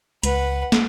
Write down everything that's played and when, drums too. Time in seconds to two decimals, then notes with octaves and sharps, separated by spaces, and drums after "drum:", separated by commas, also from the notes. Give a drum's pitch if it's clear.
0.23 C#2 B4 F#5, drum: hi-hat
0.72 drum: snare